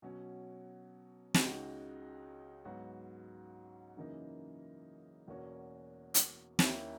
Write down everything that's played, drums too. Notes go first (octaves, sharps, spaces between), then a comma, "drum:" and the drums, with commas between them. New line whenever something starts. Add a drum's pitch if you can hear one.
B2 F#3 C#4
C#2 C#3 G#3 D#4 F#4, drum: snare
G#2 F#3 B3 F#4
F#2 C#3 E3 A#3 D#4
E2 B2 A#3 C#4 F#4
drum: hi-hat
D#2 D#3 A#3 C#4 E4, drum: snare